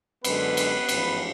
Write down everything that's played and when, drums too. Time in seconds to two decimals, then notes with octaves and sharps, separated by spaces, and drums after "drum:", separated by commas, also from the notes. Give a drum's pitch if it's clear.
0.24 F#2 D3 G#3 B3 B4, drum: cymbal
0.57 drum: cymbal
0.89 A1 G#2 F3, drum: cymbal